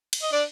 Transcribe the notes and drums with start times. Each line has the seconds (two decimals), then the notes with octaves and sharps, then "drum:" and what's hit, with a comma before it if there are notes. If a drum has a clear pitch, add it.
0.13 drum: cymbal
0.23 D#5
0.32 D4 D5